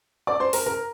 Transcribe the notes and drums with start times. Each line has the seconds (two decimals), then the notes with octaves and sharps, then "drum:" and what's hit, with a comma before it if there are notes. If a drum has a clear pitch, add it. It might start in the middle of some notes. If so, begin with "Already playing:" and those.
0.27 D5 D6
0.40 C5 C6
0.53 A#4 A#5, drum: open hi-hat
0.66 A#4 A#5